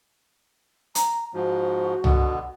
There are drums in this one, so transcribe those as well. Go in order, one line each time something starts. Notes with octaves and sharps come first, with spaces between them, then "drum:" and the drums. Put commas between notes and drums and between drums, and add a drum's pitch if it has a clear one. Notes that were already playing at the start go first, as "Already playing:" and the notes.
A#5, drum: hi-hat
G#2 F3 F#4
B2 D3 B3, drum: tom C2